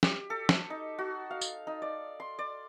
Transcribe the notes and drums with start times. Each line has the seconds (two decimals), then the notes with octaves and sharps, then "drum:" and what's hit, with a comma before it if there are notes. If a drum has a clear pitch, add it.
0.03 G4, drum: snare
0.30 A4
0.49 drum: snare
0.70 D#4
0.99 F#4
1.31 F5
1.41 drum: tambourine
1.67 D#4
1.82 D5
2.20 C6
2.39 D5